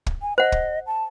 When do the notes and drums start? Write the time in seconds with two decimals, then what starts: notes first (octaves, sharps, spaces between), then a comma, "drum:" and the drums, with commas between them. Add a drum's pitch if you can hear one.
0.06 drum: kick
0.22 G#5
0.38 C5 D#5 F#5
0.52 drum: kick
0.87 A5